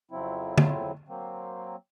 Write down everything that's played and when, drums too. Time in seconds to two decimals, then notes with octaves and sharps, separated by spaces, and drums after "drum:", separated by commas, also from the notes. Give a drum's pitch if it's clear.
0.11 F2 C#3 F#3 C4 E4
0.58 drum: tom
1.09 F#3 A#3 C4